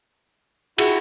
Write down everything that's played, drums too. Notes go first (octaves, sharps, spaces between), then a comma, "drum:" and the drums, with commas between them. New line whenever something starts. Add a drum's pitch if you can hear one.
E4 F#4 G#4, drum: cymbal